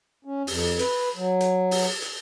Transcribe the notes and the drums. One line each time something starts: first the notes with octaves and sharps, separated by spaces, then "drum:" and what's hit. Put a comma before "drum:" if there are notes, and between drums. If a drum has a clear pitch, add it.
C#4
F2, drum: open hi-hat
B4, drum: hi-hat
F#3
drum: hi-hat
drum: open hi-hat
drum: hi-hat